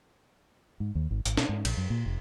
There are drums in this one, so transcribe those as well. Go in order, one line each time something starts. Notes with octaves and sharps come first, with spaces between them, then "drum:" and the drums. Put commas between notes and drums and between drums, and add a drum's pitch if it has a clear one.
G#2
D#2
G#1
G#1, drum: hi-hat
B2, drum: snare
G#2
A#1, drum: cymbal
F#2
A#2
F1